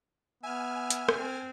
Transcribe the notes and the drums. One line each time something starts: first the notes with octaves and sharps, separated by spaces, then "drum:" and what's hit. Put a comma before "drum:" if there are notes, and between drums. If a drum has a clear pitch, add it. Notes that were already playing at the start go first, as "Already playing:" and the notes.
B3 E5 G#5 F6
drum: hi-hat
drum: rim click
C4